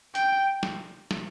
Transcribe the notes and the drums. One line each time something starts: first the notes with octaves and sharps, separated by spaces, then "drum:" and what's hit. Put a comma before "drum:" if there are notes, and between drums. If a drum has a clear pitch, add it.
G5, drum: hi-hat
drum: snare
drum: snare